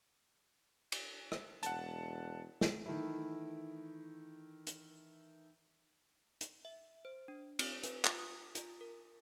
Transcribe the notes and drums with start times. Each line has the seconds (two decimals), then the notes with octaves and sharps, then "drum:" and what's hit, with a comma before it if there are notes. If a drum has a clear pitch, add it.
0.92 drum: cymbal
1.32 drum: rim click
1.63 E1 F#5 A5, drum: hi-hat
2.61 drum: snare
2.86 D#3 E3 A3 E4
4.67 drum: hi-hat
6.41 drum: hi-hat
6.65 E5
7.05 C5
7.28 D4
7.59 C4, drum: cymbal
7.83 B4, drum: hi-hat
8.05 F4, drum: clap
8.19 D#6
8.55 F4, drum: hi-hat
8.81 A#4